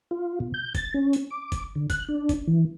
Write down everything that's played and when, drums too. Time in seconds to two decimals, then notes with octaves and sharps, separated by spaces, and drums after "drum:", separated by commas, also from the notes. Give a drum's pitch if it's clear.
0.11 F4
0.40 B2
0.54 G6
0.75 A6, drum: kick, hi-hat
0.94 C#4
1.13 drum: hi-hat
1.30 D6
1.52 drum: kick, hi-hat
1.75 D3
1.90 F#6, drum: kick, hi-hat
2.08 D4
2.29 drum: kick, hi-hat
2.48 E3